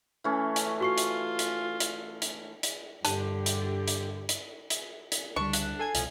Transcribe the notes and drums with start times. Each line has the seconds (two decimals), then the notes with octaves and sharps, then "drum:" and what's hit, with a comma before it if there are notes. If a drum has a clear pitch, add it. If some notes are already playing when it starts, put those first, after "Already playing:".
0.24 E3 A3 C#4
0.56 drum: hi-hat
0.81 F4 F#4 C#6 C7
0.98 drum: hi-hat
1.39 drum: hi-hat
1.80 drum: hi-hat
2.22 drum: hi-hat
2.63 drum: hi-hat
3.05 G2 D3 G4 A5, drum: hi-hat
3.46 drum: hi-hat
3.88 drum: hi-hat
4.29 drum: hi-hat
4.70 drum: hi-hat
5.12 drum: hi-hat
5.36 C#2 D3 G3 D4 C#6
5.53 F#6, drum: hi-hat
5.79 A4 G#5 G#6 C7
5.95 C2 B2 F3, drum: hi-hat